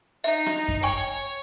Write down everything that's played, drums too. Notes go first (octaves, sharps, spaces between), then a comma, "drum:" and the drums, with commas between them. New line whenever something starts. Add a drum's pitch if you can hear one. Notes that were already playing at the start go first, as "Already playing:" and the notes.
D#4 E5
drum: rim click
drum: kick F#2
C#5 G5 G#5 C#6